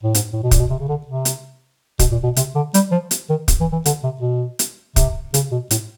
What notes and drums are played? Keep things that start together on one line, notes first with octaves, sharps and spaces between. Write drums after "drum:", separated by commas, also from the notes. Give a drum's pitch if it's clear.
A2
G#2, drum: hi-hat
A2
B2
A#2, drum: kick, hi-hat
B2
C3
C#3
D3
C3
drum: hi-hat
B2, drum: kick, hi-hat
A#2
B2
C3, drum: hi-hat
D3
G3, drum: hi-hat
F3
drum: hi-hat
D#3
drum: kick, hi-hat
E3
E3
D3, drum: hi-hat
C3
B2
drum: hi-hat
C3, drum: kick, hi-hat
C#3, drum: hi-hat
B2
A2, drum: hi-hat